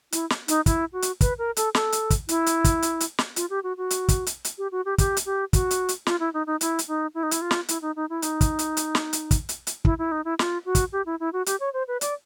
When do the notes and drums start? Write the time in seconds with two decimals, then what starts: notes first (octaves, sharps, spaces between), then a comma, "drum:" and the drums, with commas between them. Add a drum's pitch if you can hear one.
0.12 E4, drum: hi-hat
0.30 drum: snare
0.48 D#4, drum: hi-hat
0.66 E4, drum: kick, hi-hat
0.93 F#4
1.02 drum: hi-hat
1.21 B4, drum: kick, hi-hat
1.38 A#4
1.57 A4, drum: hi-hat
1.75 A4, drum: snare
1.92 drum: hi-hat
2.10 drum: kick, hi-hat
2.29 E4, drum: hi-hat
2.46 drum: hi-hat
2.64 drum: kick, hi-hat
2.82 drum: hi-hat
3.00 drum: hi-hat
3.18 drum: snare
3.36 F4, drum: hi-hat
3.50 G4
3.64 F#4
3.77 F#4
3.90 drum: hi-hat
4.09 drum: kick, hi-hat
4.27 drum: hi-hat
4.45 drum: hi-hat
4.58 G4
4.72 F#4
4.85 G4
4.98 G4, drum: kick, hi-hat
5.17 drum: hi-hat
5.26 G4
5.53 F#4, drum: kick, hi-hat
5.71 drum: hi-hat
5.89 drum: hi-hat
6.06 F4, drum: snare
6.20 E4
6.34 D#4
6.47 D#4
6.61 E4, drum: hi-hat
6.79 drum: hi-hat
6.88 D#4
7.15 E4
7.23 D#4
7.31 E4, drum: hi-hat
7.42 F4
7.51 drum: snare
7.69 E4, drum: hi-hat
7.82 D#4
7.96 D#4
8.10 E4
8.22 D#4, drum: hi-hat
8.41 drum: kick, hi-hat
8.59 drum: hi-hat
8.77 drum: hi-hat
8.95 drum: snare
9.13 drum: hi-hat
9.31 drum: kick, hi-hat
9.49 drum: hi-hat
9.67 drum: hi-hat
9.85 E4, drum: kick
9.99 E4
10.12 D#4
10.25 E4
10.39 F4, drum: snare
10.66 F#4
10.75 drum: kick, hi-hat
10.92 G4
11.06 E4
11.20 E4
11.33 F#4
11.46 G4, drum: hi-hat
11.60 C#5
11.73 C5
11.88 B4
12.01 D5, drum: hi-hat